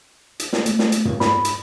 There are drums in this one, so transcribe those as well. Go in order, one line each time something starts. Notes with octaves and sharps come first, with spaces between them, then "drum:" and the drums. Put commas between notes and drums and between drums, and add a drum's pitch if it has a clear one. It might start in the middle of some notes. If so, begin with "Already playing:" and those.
drum: hi-hat
drum: snare
A3, drum: hi-hat
drum: snare
drum: hi-hat
drum: tom
B5, drum: snare
drum: hi-hat